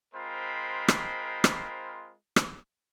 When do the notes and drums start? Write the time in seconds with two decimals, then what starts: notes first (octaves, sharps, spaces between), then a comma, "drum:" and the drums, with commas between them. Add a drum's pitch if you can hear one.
0.14 G#3 C4 F4 A#4 C5 B5
0.88 drum: rim click
1.44 drum: rim click
2.36 drum: rim click